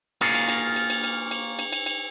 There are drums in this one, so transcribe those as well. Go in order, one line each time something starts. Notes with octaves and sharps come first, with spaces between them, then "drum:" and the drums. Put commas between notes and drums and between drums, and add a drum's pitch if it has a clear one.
A#3 F4 F#4 G#4, drum: cymbal
drum: cymbal
drum: cymbal
drum: cymbal
drum: cymbal
drum: cymbal
drum: cymbal
drum: cymbal
drum: cymbal
drum: cymbal